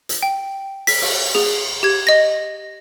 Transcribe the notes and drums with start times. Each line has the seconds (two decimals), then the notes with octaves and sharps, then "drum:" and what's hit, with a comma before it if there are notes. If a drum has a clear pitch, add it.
0.09 drum: hi-hat
0.23 G5
0.87 B6, drum: open hi-hat
1.02 drum: cymbal
1.35 G#4, drum: snare
1.83 G4 G#6
2.07 D#5 A#6